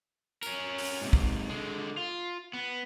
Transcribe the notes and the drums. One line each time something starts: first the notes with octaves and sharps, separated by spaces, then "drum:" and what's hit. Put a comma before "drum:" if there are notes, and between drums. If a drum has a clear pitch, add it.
C#4 A#4, drum: tambourine
drum: open hi-hat
G#2 C3
drum: kick
D3 G#3
F4
B3